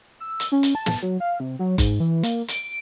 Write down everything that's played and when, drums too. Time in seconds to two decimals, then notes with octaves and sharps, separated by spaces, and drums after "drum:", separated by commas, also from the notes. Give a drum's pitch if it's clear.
0.20 E6
0.40 drum: hi-hat
0.52 C#4
0.63 drum: hi-hat
0.75 A5
0.86 drum: snare
1.03 F#3
1.20 F5
1.40 C3
1.59 F#3
1.78 G#2, drum: kick F#1, hi-hat
2.00 E3
2.23 A#3, drum: hi-hat
2.48 D7, drum: hi-hat